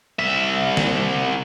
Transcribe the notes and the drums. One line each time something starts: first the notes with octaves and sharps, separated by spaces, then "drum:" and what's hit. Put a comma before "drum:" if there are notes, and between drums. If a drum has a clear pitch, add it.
C2 E5
drum: snare